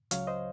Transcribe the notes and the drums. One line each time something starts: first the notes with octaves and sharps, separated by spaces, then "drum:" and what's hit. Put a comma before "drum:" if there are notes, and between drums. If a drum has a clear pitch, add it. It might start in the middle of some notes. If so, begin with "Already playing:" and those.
C#2 C#3 F#3 C#5 F5, drum: hi-hat
C5 D#5